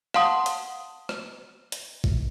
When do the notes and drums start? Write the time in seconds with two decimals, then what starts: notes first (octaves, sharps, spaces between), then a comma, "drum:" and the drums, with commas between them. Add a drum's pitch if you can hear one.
0.14 F5 F#5 A5 C6 D#6, drum: rim click
0.46 drum: hi-hat
1.09 drum: rim click
1.72 drum: hi-hat
2.04 drum: kick A1